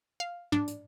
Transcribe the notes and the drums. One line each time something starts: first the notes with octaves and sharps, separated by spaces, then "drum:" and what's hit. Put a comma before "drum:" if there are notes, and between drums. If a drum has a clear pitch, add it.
F5
D4, drum: tom
drum: hi-hat